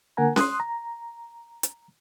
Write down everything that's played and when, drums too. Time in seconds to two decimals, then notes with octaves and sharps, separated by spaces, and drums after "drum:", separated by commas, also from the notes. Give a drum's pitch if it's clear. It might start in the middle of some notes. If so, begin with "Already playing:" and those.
0.17 D3 A#3 A#4 F#5 G#5 A#5
0.36 C6 D#6 F#6, drum: snare C#4
0.60 A#5
1.63 drum: hi-hat